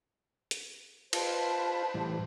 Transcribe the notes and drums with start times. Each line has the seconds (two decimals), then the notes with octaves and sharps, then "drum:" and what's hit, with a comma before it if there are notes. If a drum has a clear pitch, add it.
0.51 drum: hi-hat
1.13 F4 B4 C5 A5, drum: cymbal
1.94 A2 E3 G3